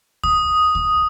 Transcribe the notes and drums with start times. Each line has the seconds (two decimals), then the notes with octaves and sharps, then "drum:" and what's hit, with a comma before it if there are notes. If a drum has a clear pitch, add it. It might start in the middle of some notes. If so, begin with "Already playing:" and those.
0.24 D#6, drum: kick D2
0.75 drum: kick D2